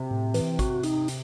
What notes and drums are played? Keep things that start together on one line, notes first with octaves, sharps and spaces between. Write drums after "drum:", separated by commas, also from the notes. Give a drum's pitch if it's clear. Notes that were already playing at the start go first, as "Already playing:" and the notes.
Already playing: C3
A2
E3, drum: hi-hat
F#4, drum: kick A1, hi-hat
D#4, drum: hi-hat
drum: hi-hat